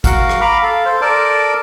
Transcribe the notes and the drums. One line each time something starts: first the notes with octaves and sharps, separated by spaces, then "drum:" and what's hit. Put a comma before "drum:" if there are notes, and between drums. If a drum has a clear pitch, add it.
F#4 A#4 F5 F#5, drum: kick G#1, hi-hat
drum: rim click
F5 A#5 B5 D6
A4 F5
A4 C5
A4 A#4 D5 A5